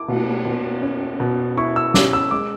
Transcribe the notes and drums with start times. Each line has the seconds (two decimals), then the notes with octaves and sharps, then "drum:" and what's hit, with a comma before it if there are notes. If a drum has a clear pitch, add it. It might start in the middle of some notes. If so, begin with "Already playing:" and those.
Already playing: E4 D6
0.08 B2, drum: cymbal
0.45 B2
0.82 C#4
1.20 B2
1.57 E4 C#6
1.76 E6
1.94 C#4 D6, drum: snare
2.13 E6
2.31 G#3 D6